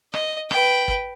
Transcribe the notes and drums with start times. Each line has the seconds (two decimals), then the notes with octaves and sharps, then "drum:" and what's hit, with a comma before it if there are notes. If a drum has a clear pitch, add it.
0.14 D#5, drum: rim click
0.51 B4 G5, drum: rim click
0.88 drum: kick